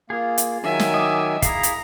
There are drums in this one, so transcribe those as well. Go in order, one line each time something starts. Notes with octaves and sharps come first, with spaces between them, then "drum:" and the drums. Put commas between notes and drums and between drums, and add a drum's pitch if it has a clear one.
A#3 F4 G#4
drum: hi-hat
D#3 F#3 E5 G#5
drum: snare
D#5 D6
E4 G#4 F5 A#5, drum: kick, hi-hat
drum: hi-hat